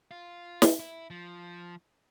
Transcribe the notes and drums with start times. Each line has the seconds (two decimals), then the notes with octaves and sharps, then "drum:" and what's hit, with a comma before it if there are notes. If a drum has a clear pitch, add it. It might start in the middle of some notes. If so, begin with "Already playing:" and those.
0.11 F4
0.62 drum: snare
0.79 E4
1.10 F3